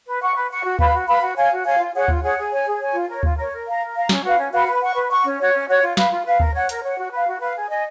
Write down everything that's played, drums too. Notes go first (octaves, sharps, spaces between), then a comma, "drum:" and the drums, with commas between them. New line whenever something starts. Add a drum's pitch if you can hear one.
B4
F#5 C#6
B4
F#5 C#6
F#4
B4 F5 B5, drum: kick D2
F#4
B4 F5 B5
F#4
C#5 F5 G#5
F#4
C#5 F5 G#5
F4
G#4 C#5 F#5
F4, drum: kick D2
G#4 C#5 F#5
G#4
C#5 G#5
G#4
C#5 G#5
F4
A#4 C#5
F4, drum: kick D2
A#4 C#5
A#4
F5 A#5
A#4
F5 A#5
C#4, drum: snare
F#4 B4 F5
C#4
F#4 B4 F5
B4
F#5 C#6
B4
F#5 C#6
C#4
F#4 C#5
C#4
F#4 C#5
F4
B4 F5, drum: snare
F4
B4 F5
A#4, drum: kick D2
C#5 F#5
A#4, drum: hi-hat
C#5 F#5
F#4
B4 F5
F#4
B4 F5
G#4
D#5 G#5